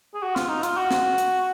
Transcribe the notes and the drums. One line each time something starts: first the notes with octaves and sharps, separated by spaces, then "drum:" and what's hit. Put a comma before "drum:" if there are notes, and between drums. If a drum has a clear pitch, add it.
G#4
F#4
F4, drum: snare
D#4
F4, drum: hi-hat
F#4
drum: snare
drum: hi-hat